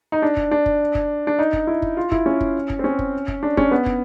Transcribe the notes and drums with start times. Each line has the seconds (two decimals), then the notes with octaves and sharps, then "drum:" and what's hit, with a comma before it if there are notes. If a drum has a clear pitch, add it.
0.12 D#4
0.22 D4
0.37 drum: kick
0.51 D4
0.66 drum: kick
0.95 drum: kick
1.27 D4
1.39 D#4
1.53 drum: kick
1.67 E4
1.82 drum: kick
1.97 F4
2.12 E4, drum: kick
2.26 C#4
2.41 drum: kick
2.70 drum: kick
2.79 C4
2.84 C#4
2.99 drum: kick
3.28 drum: kick
3.43 D4
3.57 C#4, drum: kick
3.71 B3
3.86 drum: kick